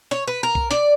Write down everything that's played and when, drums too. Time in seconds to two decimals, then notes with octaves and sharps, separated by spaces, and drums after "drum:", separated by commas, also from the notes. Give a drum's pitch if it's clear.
0.11 C#5, drum: snare
0.28 B4
0.43 A#4
0.55 drum: kick B1
0.71 D5, drum: snare